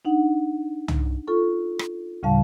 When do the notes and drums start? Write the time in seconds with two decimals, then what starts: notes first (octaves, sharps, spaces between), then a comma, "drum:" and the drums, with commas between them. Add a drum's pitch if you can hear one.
0.05 D4 D#4 F#5
0.88 drum: tom
1.27 F4 A4 C#6
1.79 drum: rim click
2.23 D2 A2 C#3 G3 F5 A5